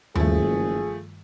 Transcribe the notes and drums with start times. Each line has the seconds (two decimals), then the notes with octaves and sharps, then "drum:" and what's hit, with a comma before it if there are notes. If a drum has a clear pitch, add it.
0.15 F#1 G2 D#3 F3 G3 A3 G#4, drum: tom D#2